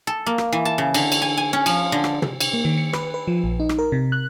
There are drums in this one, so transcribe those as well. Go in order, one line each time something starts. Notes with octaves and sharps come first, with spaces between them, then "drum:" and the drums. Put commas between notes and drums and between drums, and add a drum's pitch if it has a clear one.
A4
A#3
drum: rim click
E3
A5
C#3
D3, drum: cymbal
drum: cymbal
G#5
G#5
C#4
F3, drum: cymbal
D3
drum: rim click
drum: tom
drum: cymbal
A#3
D#3
C#7
B4, drum: rim click
B4
F3
A#1
D#4
drum: rim click
A#4
C3
F#6